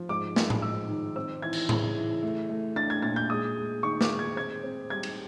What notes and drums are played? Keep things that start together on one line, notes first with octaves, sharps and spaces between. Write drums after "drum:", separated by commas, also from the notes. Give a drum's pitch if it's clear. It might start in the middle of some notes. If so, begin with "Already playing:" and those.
Already playing: F3
G#2 D6
G#2, drum: snare
drum: tom A2
G#2 E6
D#3
C4 E6
E3 G#6
drum: cymbal
C#3, drum: tom A2
E3
A3
A3
D4 A6
G#6
A#2 A6
G6
G#3 D#6
G#3
D#3 C#6
D6, drum: snare
G#3
G#6
C4 G#6
C4
G3 G#6
drum: cymbal